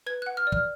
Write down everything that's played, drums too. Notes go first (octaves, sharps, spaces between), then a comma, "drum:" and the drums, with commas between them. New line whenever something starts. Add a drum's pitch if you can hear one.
B4 G#6
F#5 F#6
F6
D5
F6, drum: kick